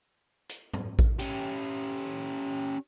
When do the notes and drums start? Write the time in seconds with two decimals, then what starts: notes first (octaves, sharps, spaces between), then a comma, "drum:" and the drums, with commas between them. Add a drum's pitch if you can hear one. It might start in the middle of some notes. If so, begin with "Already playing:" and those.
0.49 drum: hi-hat
0.73 drum: tom G#2
0.99 drum: kick A1
1.19 C#4 G4, drum: hi-hat